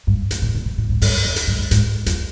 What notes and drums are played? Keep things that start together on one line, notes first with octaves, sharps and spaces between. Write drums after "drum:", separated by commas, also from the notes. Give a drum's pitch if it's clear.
G2
A2, drum: hi-hat
A#2
B2
B2
A#2
G#2
G2, drum: open hi-hat
E2
drum: hi-hat
G2
G2
G#2, drum: hi-hat
F2, drum: hi-hat